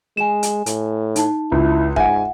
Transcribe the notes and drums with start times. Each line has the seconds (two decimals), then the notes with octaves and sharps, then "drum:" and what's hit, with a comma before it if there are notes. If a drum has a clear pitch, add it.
0.17 G#3 G#5 E7
0.43 drum: hi-hat
0.66 A2, drum: hi-hat
1.16 D#4 A5, drum: hi-hat
1.52 C#2 E4
1.96 G#2 E5 F#5 G#5, drum: kick